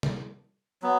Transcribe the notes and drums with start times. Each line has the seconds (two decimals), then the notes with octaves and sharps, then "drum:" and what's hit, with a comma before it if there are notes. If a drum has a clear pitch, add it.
0.03 drum: tom
0.82 F#3 B3